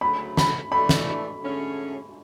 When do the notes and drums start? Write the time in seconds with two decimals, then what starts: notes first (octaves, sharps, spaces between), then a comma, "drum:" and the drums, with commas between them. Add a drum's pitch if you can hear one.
0.01 D2 C#3 F#3 A3 B5
0.37 B5, drum: snare
0.72 A2 E3 A3 D4 B5
0.89 drum: snare
1.42 D3 A3 C#4 G#4